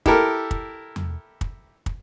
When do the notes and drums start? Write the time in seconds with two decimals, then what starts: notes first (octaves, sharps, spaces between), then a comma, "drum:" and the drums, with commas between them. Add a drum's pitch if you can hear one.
0.06 E4 G4 A4 A#4, drum: kick
0.51 drum: kick
0.96 drum: tom E2
1.41 drum: kick
1.86 drum: kick